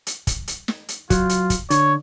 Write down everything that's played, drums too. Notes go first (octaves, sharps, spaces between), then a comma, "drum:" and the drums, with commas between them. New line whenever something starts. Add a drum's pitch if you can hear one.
drum: hi-hat
drum: kick, hi-hat
drum: hi-hat
drum: snare
drum: hi-hat
F#3 F4, drum: kick, hi-hat
drum: hi-hat
drum: kick, hi-hat
D3 C#5, drum: hi-hat